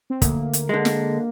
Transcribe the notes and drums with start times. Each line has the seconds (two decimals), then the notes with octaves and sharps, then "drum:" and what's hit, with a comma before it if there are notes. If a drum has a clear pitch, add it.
0.10 C4
0.22 D2 A#3, drum: kick, hi-hat
0.53 drum: hi-hat
0.69 D3 G#3
0.85 drum: snare